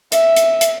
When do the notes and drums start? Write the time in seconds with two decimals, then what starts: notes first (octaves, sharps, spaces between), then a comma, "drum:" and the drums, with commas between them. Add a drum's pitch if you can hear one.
0.12 E5, drum: hi-hat
0.36 drum: hi-hat
0.61 drum: hi-hat